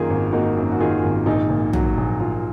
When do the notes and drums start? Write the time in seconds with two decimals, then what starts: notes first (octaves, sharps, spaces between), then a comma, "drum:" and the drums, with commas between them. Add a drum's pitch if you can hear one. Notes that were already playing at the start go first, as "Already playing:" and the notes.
Already playing: F#2 D#3 A#3 F4 G#4 A#4
0.10 G#1
0.32 A#3 D#4 F#4
0.57 F#2
0.72 F#4
0.80 D#3 F4 G#4
1.04 G#1
1.26 A#1 D#4
1.50 A#2
1.73 F#3, drum: tom
1.98 A#1
2.20 A#1 F4